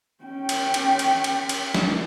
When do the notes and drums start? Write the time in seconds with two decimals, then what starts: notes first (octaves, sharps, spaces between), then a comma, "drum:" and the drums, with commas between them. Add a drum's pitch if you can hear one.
0.24 C#4 G5
0.49 drum: cymbal
0.74 drum: cymbal
0.99 drum: cymbal
1.24 drum: cymbal
1.49 drum: cymbal
1.74 drum: snare